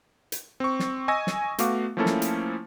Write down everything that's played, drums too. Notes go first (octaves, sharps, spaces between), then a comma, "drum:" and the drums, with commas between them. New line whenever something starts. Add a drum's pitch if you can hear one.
drum: hi-hat
C4 C#6
drum: snare
D#5 G#5 C#6 E6 A#6 D#7
drum: snare
A3 B3 F#4 F5 D6, drum: hi-hat
F3 A3 A#3 C#4 E4 A4
drum: snare
drum: hi-hat